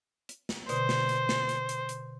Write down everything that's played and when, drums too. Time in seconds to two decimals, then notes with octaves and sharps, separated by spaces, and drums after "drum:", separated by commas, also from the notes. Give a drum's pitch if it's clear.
0.29 drum: hi-hat
0.49 drum: snare
0.69 B2 D3 C5, drum: hi-hat
0.89 drum: snare
1.09 drum: hi-hat
1.29 drum: snare
1.49 drum: hi-hat
1.69 drum: hi-hat
1.89 drum: hi-hat